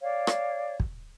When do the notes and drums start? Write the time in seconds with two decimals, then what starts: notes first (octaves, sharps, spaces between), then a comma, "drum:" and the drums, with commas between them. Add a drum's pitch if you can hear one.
0.01 C#5 D5 F5
0.27 drum: rim click
0.80 drum: kick